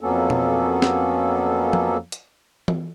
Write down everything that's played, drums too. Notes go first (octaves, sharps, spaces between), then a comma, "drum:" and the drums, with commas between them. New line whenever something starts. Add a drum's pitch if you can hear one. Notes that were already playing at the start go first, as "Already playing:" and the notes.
F2 F#3 A#3 B3 C#4 A4
drum: tom B2
drum: snare
drum: tom F3
drum: hi-hat
drum: tom E3